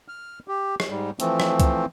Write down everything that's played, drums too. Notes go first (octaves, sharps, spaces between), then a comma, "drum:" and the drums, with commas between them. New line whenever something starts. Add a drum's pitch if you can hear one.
F6
G4
drum: rim click
G#2 G3
E3 F3 A3 C4, drum: hi-hat
drum: rim click
drum: kick C2, hi-hat